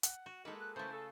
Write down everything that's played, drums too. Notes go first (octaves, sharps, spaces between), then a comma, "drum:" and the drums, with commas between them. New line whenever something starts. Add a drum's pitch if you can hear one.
F#5, drum: hi-hat
F#4
G#3 A#3 D#4 A4 B4
F#6
C#3 E3 A3 C5 A5
C#4 F4 A4